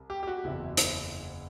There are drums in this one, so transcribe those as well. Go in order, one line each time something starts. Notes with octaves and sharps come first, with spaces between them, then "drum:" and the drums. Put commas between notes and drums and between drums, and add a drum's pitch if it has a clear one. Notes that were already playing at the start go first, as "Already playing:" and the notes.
Already playing: C2
G4
G4
F#4
F#1 E2 C3 E4
drum: hi-hat